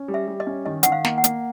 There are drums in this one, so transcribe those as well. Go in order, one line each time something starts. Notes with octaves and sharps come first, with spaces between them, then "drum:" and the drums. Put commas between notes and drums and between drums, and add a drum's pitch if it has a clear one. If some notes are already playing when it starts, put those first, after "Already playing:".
Already playing: C#4
G3
E5
G3
D#5
C#4
D#3 D#5
D#3 F#5, drum: hi-hat
F5
A#3, drum: snare
F#5
A#3, drum: hi-hat